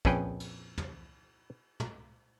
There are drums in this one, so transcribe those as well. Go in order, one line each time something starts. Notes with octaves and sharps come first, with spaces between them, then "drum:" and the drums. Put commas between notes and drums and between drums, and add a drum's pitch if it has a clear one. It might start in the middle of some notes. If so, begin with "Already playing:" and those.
A#1 F2 C#4 G#4 B4 G5, drum: kick
drum: cymbal
drum: tom
drum: tom